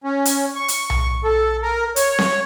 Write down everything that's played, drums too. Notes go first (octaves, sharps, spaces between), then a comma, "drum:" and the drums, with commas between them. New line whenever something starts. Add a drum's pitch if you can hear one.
C#4
drum: hi-hat
C#6
drum: hi-hat
drum: tom B1
A4
A#4
C#5, drum: hi-hat
drum: snare C4